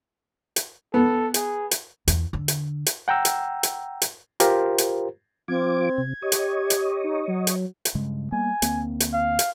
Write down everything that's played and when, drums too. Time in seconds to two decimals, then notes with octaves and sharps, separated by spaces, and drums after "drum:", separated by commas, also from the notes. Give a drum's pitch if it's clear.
0.56 drum: hi-hat
0.94 B3 A4
1.34 G#4, drum: hi-hat
1.71 drum: hi-hat
2.08 E2, drum: hi-hat
2.33 D3
2.48 drum: hi-hat
2.86 drum: hi-hat
3.08 F#5 G5 A#5 E6
3.25 drum: hi-hat
3.63 drum: hi-hat
4.02 drum: hi-hat
4.40 F4 G4 A#4 C5, drum: hi-hat
4.78 drum: hi-hat
5.48 F3 C4 F4 D6 G#6
5.98 C3
6.22 G4 C#5 D#5
6.32 drum: hi-hat
6.70 drum: hi-hat
7.04 D#4
7.28 F#3
7.47 drum: hi-hat
7.85 drum: hi-hat
7.95 G2 C#3 G#3
8.32 G3 A#3 B3 G#5
8.62 D2 A#3 C4, drum: hi-hat
9.00 drum: hi-hat
9.13 F5
9.39 drum: hi-hat